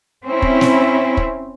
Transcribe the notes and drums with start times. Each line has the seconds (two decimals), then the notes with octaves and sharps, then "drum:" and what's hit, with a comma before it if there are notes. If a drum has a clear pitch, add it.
0.24 C4 C#4 E4
0.42 drum: kick
0.61 drum: snare
1.17 drum: kick